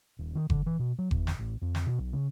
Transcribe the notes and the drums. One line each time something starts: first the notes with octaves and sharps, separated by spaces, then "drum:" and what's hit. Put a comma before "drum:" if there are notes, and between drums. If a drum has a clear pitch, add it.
D#1
D#3
D3, drum: kick F#1
E3
B2
F#3
E2, drum: kick F#1
drum: snare
A1
F2
drum: snare
B2
B1
C#3